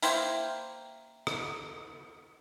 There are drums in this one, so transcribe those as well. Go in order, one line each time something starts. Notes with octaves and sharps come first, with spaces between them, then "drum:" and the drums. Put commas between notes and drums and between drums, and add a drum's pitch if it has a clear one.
A#3 E4 C5 G5, drum: hi-hat
drum: rim click